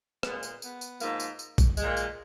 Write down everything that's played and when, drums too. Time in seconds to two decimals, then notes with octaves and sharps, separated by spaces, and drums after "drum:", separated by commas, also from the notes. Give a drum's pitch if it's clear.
0.23 A#2 G#3 B3, drum: rim click
0.43 drum: tambourine
0.62 B3, drum: tambourine
0.81 drum: tambourine
1.00 G#2 F3 A#3, drum: tambourine
1.20 drum: tambourine
1.39 drum: tambourine
1.58 drum: kick, tambourine
1.77 A#2 G#3, drum: tambourine
1.97 drum: tambourine